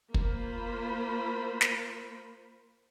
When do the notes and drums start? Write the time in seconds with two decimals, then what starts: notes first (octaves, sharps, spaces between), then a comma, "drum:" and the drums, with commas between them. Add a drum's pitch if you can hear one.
0.14 A#3 F4 C5 B5, drum: kick
1.61 drum: snare